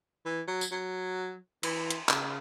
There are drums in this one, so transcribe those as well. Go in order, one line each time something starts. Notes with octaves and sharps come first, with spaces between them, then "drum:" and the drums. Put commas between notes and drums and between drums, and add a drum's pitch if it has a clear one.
E3
F#3
drum: tambourine
F#3
E3, drum: cymbal
drum: hi-hat
C#3, drum: clap